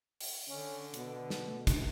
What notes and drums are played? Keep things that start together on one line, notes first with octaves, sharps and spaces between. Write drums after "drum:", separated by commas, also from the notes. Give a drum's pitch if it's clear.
drum: open hi-hat
D3 C#4
B2, drum: hi-hat
drum: snare
A3
drum: kick, hi-hat